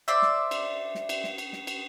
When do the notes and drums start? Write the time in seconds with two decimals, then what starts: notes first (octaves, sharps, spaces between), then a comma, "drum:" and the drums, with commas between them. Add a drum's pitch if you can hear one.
0.08 C5 D5 E5
0.22 drum: snare
0.51 drum: cymbal
0.95 drum: snare
1.09 drum: cymbal
1.24 drum: snare
1.38 drum: cymbal
1.53 drum: snare
1.67 drum: cymbal